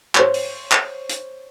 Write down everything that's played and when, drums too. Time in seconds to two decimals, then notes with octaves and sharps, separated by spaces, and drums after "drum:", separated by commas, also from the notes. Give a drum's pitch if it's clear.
0.15 C5 C#5, drum: clap
0.34 drum: open hi-hat
0.72 drum: clap
1.09 drum: hi-hat